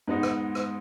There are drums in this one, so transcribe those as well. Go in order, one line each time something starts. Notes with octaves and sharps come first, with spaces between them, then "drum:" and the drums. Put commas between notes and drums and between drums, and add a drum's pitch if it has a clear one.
G#2 G#3 B3 D#4
drum: rim click
drum: rim click